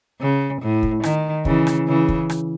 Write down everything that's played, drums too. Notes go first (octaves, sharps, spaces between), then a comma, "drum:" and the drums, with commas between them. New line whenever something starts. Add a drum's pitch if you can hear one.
C#3
A2
drum: kick
D#3, drum: rim click
C#3 E3, drum: kick
drum: rim click
C#3 E3
drum: kick
drum: rim click